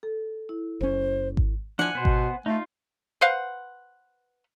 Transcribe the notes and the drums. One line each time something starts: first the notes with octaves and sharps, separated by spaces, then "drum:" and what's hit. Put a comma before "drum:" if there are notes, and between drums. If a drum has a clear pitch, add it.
A4
E4
F#1 C#4 C5
drum: kick G#1
E3 F3 D4 F#5 G#5
B2 B3 C5
drum: kick G#1
A3 D#4 F4
B4 C5 F5 F#5